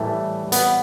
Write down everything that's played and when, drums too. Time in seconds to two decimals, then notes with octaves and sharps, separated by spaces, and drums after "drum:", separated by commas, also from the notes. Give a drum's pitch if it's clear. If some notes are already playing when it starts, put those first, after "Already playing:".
Already playing: A2 E3 G3 A3
0.52 B3, drum: hi-hat